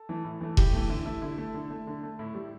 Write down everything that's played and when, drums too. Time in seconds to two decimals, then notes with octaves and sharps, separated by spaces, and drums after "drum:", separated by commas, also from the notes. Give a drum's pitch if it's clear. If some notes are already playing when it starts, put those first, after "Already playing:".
Already playing: A4
0.09 E3 A3
0.24 A2
0.41 E3 A3
0.57 A2 G4, drum: kick E1
0.73 E3 A3
0.89 D3 E4
1.05 A3 E4
1.22 D3 E4
1.38 A3
1.54 D3
1.70 A3
1.87 D3
2.03 A3
2.19 A2 E4
2.34 G3